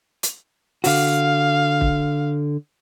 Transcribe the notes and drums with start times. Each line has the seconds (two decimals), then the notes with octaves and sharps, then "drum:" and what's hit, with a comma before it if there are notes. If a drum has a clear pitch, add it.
0.23 drum: hi-hat
0.84 D3 F#4 F5, drum: open hi-hat
1.81 drum: kick